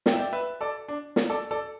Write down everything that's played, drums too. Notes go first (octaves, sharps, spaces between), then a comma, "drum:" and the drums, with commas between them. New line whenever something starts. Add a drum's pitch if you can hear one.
G5, drum: snare
E5
D5 G5
B4 E5
A4 D5
D4
drum: snare
A4 D5
A4 D5